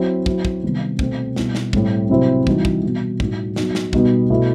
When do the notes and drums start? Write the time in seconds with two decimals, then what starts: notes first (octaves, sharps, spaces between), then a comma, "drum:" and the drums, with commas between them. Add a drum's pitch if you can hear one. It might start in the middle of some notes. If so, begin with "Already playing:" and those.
Already playing: F#3 C4 E4
0.26 F#3 C4 E4, drum: kick
0.45 drum: kick
0.63 C3 D#3 G3 B3
0.99 B2 A3 C4, drum: kick
1.36 B2 G3 B3 E4, drum: snare
1.55 drum: snare
1.73 A2 G3 C4, drum: kick
2.10 C3 F#3 C4 E4
2.47 E3 G3 D#4 F#4, drum: kick
2.65 drum: kick
2.83 B2 G3 B3 F#4
3.20 A2 G3 D#4 F#4, drum: kick
3.56 F#3 B3 D#4 F#4, drum: snare
3.75 drum: snare
3.93 B2 G3 B3 D#4 F#4, drum: kick
4.30 B2 A3 E4